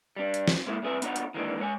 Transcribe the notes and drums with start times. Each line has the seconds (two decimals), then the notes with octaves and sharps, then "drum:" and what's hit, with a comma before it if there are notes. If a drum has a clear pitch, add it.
0.16 G3 D4
0.34 drum: hi-hat
0.48 drum: snare
0.66 A2 G#3 A#3 E4 E5
0.83 C2 A2 C3 G#4 B4 E5
1.02 B3 D4 D#4 F4 C#5 F#5, drum: hi-hat
1.16 drum: hi-hat
1.34 D#3 E3 G#3 A#3 B3 D4
1.60 G#3 C#5 G#5